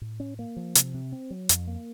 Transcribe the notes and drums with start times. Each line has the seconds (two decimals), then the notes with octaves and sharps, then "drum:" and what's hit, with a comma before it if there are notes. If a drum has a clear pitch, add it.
0.01 A2
0.20 C#4
0.39 A#3
0.57 F3
0.75 C3, drum: hi-hat
0.94 C3
1.12 C4
1.31 F#3
1.49 F2, drum: hi-hat
1.67 A#3